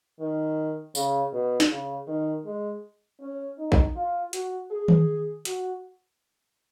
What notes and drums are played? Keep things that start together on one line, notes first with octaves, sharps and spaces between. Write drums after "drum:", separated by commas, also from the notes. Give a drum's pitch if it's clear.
D#3
C#3, drum: tambourine
B2
drum: snare
C#3
D#3
G#3
C#4
D#4
drum: kick A1
F4
F#4, drum: hi-hat
G#4
drum: tom D#3
F#4, drum: hi-hat